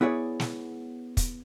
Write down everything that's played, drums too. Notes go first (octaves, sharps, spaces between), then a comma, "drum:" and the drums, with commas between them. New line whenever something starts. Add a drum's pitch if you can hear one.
B3 E4 G#4 C#5 D5
drum: snare
drum: kick, hi-hat